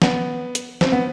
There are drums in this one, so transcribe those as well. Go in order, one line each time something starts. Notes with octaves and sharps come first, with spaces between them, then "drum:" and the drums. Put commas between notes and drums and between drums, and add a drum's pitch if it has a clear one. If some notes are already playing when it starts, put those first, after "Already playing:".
B3, drum: snare
drum: hi-hat
C4, drum: snare
B3